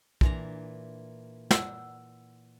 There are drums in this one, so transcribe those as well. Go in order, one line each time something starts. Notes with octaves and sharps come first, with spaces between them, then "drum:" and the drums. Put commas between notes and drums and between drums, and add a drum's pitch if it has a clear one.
A#2 E3 D4 A#5, drum: kick
F#5 E6, drum: snare